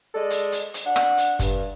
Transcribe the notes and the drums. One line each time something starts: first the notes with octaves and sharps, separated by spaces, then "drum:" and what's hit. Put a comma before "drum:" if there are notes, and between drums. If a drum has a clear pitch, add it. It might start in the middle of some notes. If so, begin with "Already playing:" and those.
G#3 A4 D5 D#5
drum: hi-hat
drum: hi-hat
drum: hi-hat
D4 F#5
drum: rim click
drum: hi-hat
G2, drum: kick, hi-hat